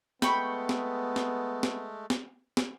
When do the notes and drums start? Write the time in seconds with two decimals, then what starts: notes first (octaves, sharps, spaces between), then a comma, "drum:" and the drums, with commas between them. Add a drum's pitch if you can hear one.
0.22 G#3 A3 B3 G5 B5 C#6, drum: snare
0.69 drum: snare
1.16 drum: snare
1.63 drum: snare
2.10 drum: snare
2.57 drum: snare